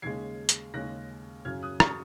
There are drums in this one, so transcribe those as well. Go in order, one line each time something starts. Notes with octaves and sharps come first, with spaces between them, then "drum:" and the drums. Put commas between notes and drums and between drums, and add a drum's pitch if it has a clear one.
D#2 C#3 G#3 G#6 C7
drum: hi-hat
D#2 C#3 G#3 C#4 F#6 A#6
F#2 C#3 F#3 C#4 F6 G#6
D#6 F#6
C#6 F6, drum: rim click